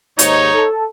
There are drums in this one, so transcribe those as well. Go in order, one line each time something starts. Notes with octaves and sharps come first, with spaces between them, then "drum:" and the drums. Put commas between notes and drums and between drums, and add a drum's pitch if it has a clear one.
D#2 G#2 D#4 C#5, drum: hi-hat
A4